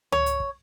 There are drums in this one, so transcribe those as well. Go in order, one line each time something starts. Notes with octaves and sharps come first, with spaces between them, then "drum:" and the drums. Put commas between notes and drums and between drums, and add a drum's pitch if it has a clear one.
C#5, drum: tom C#2
drum: hi-hat
drum: kick